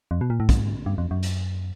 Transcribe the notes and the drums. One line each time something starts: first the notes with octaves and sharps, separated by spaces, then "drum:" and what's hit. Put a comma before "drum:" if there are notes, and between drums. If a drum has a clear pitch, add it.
F2
B2
A#2
A2
G#2, drum: kick, hi-hat
G2
F2
F#2
drum: hi-hat